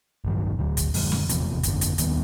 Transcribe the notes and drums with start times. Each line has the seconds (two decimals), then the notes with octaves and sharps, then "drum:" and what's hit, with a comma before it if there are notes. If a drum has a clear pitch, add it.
0.25 A1 G2 D#3 F#3
0.59 D2 D3 F#3
0.77 drum: kick, hi-hat
0.94 F#2 D3 F3 G#3, drum: open hi-hat
1.12 drum: snare
1.29 F1 E2 C3 F3, drum: hi-hat
1.63 G1 F2 D3, drum: hi-hat
1.81 drum: hi-hat
1.98 D#2 D#3 G3 B3, drum: hi-hat